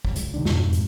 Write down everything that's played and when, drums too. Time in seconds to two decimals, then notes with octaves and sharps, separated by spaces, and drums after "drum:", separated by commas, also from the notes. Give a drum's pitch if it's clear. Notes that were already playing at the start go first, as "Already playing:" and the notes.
0.05 drum: kick
0.16 C#2, drum: hi-hat
0.34 C3 D#3 D4
0.45 E1 F2 G#2 B2, drum: snare
0.73 drum: hi-hat